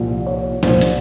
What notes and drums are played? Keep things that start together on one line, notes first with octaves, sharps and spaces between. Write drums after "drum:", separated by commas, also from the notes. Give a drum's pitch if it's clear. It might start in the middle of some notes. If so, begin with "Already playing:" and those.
Already playing: C2 A#2 F3
C#5
C2 A#2 F3 C5, drum: snare
drum: hi-hat